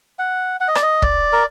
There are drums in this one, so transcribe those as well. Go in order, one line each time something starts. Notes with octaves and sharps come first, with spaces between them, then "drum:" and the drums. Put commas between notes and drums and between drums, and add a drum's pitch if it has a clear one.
F#5
F#5
D#5
D5, drum: rim click
D#5
D5, drum: kick
A#4